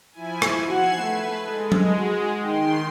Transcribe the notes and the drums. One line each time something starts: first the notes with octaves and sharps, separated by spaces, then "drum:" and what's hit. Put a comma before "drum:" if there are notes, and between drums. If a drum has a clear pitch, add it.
F3 E4 G#5
drum: rim click
F#4 F#5 G#6 C7 E7
A3 B4
G#3 A4
drum: tom F#3
F#4
D#3 D#4 G5 C6